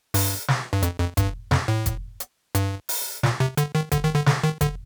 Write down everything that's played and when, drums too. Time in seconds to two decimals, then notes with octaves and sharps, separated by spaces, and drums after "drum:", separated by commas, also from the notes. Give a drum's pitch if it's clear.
0.14 G2, drum: open hi-hat
0.48 drum: snare
0.73 G2
0.82 F2, drum: hi-hat
1.00 F2
1.17 G2, drum: kick F1, hi-hat
1.51 F2, drum: snare
1.68 A2
1.86 drum: kick F1, hi-hat
2.20 drum: hi-hat
2.55 G2, drum: hi-hat
2.89 drum: open hi-hat
3.23 A#2, drum: snare
3.40 C3
3.57 D3, drum: hi-hat
3.75 D#3
3.92 D3, drum: kick F1, hi-hat
4.03 D#3
4.15 D3
4.26 D3, drum: snare
4.44 D#3
4.61 D3, drum: kick F1, hi-hat